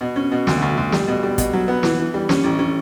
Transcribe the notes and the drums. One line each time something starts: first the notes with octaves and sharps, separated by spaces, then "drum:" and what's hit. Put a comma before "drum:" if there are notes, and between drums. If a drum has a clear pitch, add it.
B2
C#4
B2
D2, drum: snare
D2
D2
G3, drum: snare
B2
G3
B2, drum: kick, hi-hat
F#3
B3
E3, drum: snare
E3
G3
C#4, drum: snare
A1
C#4